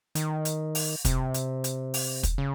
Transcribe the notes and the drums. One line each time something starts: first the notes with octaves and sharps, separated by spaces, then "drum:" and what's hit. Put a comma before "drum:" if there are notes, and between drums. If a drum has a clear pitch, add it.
D#3, drum: hi-hat
drum: hi-hat
drum: open hi-hat
C3, drum: kick, hi-hat
drum: hi-hat
drum: hi-hat
drum: open hi-hat
drum: kick, hi-hat
C#3